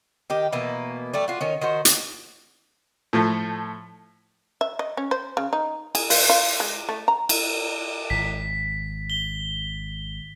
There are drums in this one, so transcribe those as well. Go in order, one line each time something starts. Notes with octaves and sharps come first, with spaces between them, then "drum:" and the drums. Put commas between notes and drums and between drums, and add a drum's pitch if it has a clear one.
D#3 G4
B2 E3 A#3
G3 A3 D4
F4 F#4
D#3 C#4
D#3 F#4 C5
drum: hi-hat
A2 F3 A3
E5
D#5
C#4
C5
C#3
D#4
G#4, drum: cymbal
F4, drum: open hi-hat
F4
G#3
A3
A#5
drum: cymbal
G#1 B6
G7